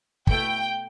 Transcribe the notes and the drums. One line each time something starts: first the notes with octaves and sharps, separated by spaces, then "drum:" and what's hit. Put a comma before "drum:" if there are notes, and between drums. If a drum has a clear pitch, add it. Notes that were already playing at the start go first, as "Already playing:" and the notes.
B2 A3 E4 G5, drum: kick